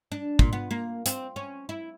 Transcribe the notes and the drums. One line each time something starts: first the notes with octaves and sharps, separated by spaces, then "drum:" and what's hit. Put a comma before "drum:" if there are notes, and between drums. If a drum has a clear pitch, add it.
D4
A#2, drum: kick
B3
A#3
C4, drum: hi-hat
C#4
E4